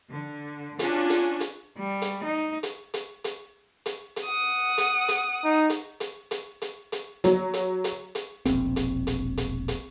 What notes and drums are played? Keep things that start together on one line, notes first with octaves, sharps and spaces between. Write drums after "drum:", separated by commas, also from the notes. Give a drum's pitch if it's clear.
D3
C#4 D4 F4 F#4 G#5, drum: hi-hat
drum: hi-hat
drum: hi-hat
G3
drum: hi-hat
D#4
drum: hi-hat
drum: hi-hat
drum: hi-hat
drum: hi-hat
drum: hi-hat
F#5 D#6
drum: hi-hat
drum: hi-hat
D#4
drum: hi-hat
drum: hi-hat
drum: hi-hat
drum: hi-hat
drum: hi-hat
F#3, drum: hi-hat
drum: hi-hat
drum: hi-hat
drum: hi-hat
E1 A#1 C4, drum: hi-hat
drum: hi-hat
drum: hi-hat
drum: hi-hat
drum: hi-hat